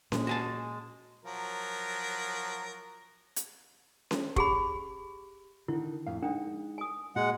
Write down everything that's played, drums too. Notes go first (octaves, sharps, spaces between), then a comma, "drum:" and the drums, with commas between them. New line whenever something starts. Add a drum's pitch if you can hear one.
A#2 G#3, drum: snare C#4
F#4 G#5 A5
F3 F#3 A#4
drum: hi-hat
drum: snare C#4
G4 G#4 B5, drum: kick
D3 D#3 E4
F2 A2 F5
G#3 D4 D#4 F#5
G#5 D#6
A#2 G#3 F#4 F#5